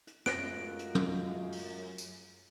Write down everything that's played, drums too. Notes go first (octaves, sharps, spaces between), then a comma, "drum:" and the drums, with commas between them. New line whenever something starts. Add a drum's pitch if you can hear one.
drum: hi-hat
F#2 A2 G#3 F4 F#6 A#6 D7, drum: snare
drum: hi-hat
drum: tom
drum: open hi-hat
drum: tambourine